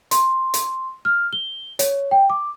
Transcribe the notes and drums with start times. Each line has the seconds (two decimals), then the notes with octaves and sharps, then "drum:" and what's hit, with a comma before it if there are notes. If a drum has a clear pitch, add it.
0.11 C6, drum: hi-hat
0.54 drum: hi-hat
1.05 F6
1.33 G7
1.79 C#5, drum: hi-hat
2.11 G5
2.30 D6